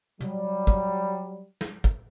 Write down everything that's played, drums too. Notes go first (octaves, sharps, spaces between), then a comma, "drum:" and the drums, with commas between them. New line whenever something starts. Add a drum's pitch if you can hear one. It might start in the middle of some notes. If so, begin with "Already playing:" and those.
F#3 G3, drum: tom
drum: kick
drum: snare
drum: kick